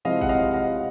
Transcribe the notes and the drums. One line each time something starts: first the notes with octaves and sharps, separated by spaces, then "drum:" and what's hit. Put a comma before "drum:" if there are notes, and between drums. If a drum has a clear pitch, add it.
C3 F3 G#3 C4 E4 D#5 F5
F#5, drum: kick
D#5 F5
D#5 F5